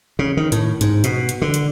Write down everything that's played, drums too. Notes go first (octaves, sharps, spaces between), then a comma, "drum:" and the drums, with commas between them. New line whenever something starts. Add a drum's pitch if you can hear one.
C#3
D#3
A2, drum: hi-hat
G#2, drum: hi-hat
B2, drum: hi-hat
drum: hi-hat
D3
drum: hi-hat